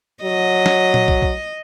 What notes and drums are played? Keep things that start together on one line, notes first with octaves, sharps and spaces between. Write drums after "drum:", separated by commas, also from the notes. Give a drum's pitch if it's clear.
F#3 D#5
drum: snare
drum: tom A#2
drum: kick
drum: kick